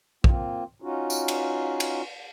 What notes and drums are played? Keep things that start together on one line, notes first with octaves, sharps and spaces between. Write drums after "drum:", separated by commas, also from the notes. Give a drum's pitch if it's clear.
A#3 C4 F4, drum: kick
C#4 D#4 F4 F#4
drum: tambourine
drum: cymbal
drum: cymbal